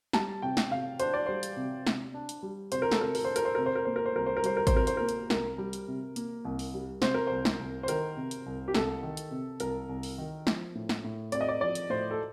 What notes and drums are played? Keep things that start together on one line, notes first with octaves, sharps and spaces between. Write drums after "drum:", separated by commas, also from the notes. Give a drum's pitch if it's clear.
G3 A5, drum: snare
C3 G5
drum: snare
C3 F5
D4 C5, drum: hi-hat
D5
G3 C5
drum: hi-hat
C3
C3, drum: snare
D4
drum: hi-hat
G3
C3 C5, drum: hi-hat
A#4
A4, drum: snare
C3 A#4
A#4, drum: open hi-hat
D4 C5
A#4, drum: hi-hat
C5
C3 A#4
C5
A#4
A#3 C5
A#4
C5
C2 A#4
C5
A#4
G3 C5, drum: hi-hat
A#4
C5, drum: kick G#1, hi-hat
C3 A#4
C5, drum: hi-hat
A#3 A#4
drum: hi-hat
C2 A#4, drum: snare
G3
drum: hi-hat
C3
A#3, drum: hi-hat
C2
drum: open hi-hat
G3
C3 C5, drum: snare
A#4
C2 C5
drum: snare
C2
C5
D#3 A#4, drum: hi-hat
C3
drum: hi-hat
C2
G4
C2 A4, drum: snare
D#3
drum: hi-hat
C3
C2 A#4, drum: hi-hat
C2
drum: open hi-hat
D#3
F3, drum: snare
A2
drum: snare
A2
C4 D5, drum: hi-hat
D#5
D5
F3 D5
drum: hi-hat
A2 C5
A4